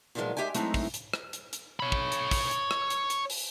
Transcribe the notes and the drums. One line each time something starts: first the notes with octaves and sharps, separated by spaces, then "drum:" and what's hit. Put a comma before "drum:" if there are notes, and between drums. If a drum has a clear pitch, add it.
A#2 D#3 F3 F#3 G#3 B3
G#3 G4 E5 G5 G#5
F#3 G#3 A3 C4 D#4 E4, drum: hi-hat
drum: kick, open hi-hat
drum: hi-hat
drum: rim click
drum: hi-hat
drum: hi-hat
C#5 B5
drum: kick
drum: hi-hat
drum: kick, open hi-hat
drum: hi-hat
drum: rim click
drum: hi-hat
drum: hi-hat
drum: open hi-hat